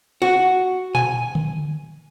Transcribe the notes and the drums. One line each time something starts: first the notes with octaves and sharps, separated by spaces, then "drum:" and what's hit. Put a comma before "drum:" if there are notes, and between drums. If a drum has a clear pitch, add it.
F#4
G#5, drum: tom A#2
drum: tom D3